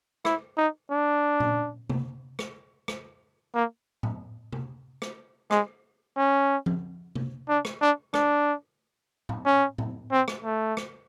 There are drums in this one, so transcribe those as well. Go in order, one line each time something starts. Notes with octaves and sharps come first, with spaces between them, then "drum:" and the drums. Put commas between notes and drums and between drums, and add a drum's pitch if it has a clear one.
E4, drum: rim click
D#4
D4
drum: tom A#2
drum: tom C3
drum: rim click
drum: rim click
A#3
drum: tom A2
drum: tom C3
drum: rim click
G#3, drum: rim click
C#4
drum: tom F3
drum: tom C3
D4
drum: rim click
D4
D4, drum: rim click
drum: tom A2
C#4
drum: tom A2
C4
drum: rim click
A3
drum: rim click